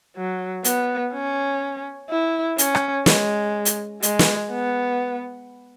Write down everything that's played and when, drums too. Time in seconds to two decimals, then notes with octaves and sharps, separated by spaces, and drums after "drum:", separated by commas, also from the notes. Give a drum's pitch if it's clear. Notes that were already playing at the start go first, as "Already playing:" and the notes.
0.16 F#3
0.64 B3, drum: hi-hat
1.13 C#4
2.10 E4
2.58 C#4, drum: hi-hat
2.75 drum: rim click
3.06 G#3, drum: snare
3.65 drum: hi-hat
4.03 G#3, drum: hi-hat
4.19 drum: snare
4.51 B3